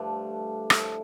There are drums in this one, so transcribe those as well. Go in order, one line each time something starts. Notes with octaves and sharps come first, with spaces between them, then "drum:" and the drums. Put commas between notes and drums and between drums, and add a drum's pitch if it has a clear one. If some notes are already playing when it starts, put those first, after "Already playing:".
Already playing: G2 D3 F3 A3 D4
A2 F3, drum: rim click